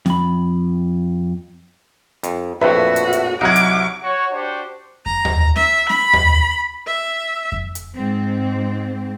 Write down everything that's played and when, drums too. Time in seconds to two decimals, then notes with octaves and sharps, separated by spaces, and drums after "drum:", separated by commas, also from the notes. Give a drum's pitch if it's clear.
0.06 F2 B5, drum: snare C#4
2.23 F2, drum: hi-hat
2.61 A#1 F2 A2 F#4 B4 E5
2.96 drum: hi-hat
3.13 drum: hi-hat
3.41 C2 F#3 D#4 F#5 D6 G#6
3.56 drum: hi-hat
4.03 F#4 C#5
4.33 D4 F#4 G4 C5
5.06 A#5, drum: kick F2
5.25 drum: tom D#2
5.56 E5, drum: snare C#4
5.89 B5, drum: snare C#4
6.13 drum: tom D#2
6.87 E5
7.52 drum: kick F2
7.75 drum: hi-hat
7.95 G#2 C4